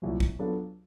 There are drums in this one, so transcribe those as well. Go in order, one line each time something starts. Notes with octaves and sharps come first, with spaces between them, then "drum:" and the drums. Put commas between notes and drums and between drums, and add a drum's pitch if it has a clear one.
C2 A#2 F#3
drum: kick
F#3 B3 D4 F4 A4